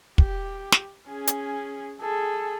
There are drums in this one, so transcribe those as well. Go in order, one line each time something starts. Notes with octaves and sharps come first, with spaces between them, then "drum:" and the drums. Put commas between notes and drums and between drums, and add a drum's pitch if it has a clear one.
G4, drum: kick
drum: snare
C#4 G#4
drum: hi-hat
G#4 A4